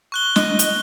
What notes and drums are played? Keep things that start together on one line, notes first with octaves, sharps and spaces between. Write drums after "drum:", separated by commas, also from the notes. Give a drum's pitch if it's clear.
C#6 F#6 G7
D#5, drum: snare
drum: hi-hat